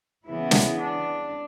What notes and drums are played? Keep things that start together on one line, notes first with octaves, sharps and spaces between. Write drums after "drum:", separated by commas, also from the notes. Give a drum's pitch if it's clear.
C#3 E3 B3 E4
drum: snare
D4